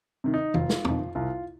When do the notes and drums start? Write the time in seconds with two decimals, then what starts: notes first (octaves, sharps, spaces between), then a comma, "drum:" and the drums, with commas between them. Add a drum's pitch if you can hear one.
0.24 C3 D#3
0.34 D#4
0.54 F1 F4, drum: tom
0.69 drum: snare
0.85 F2 D#3, drum: tom
1.15 C2 F4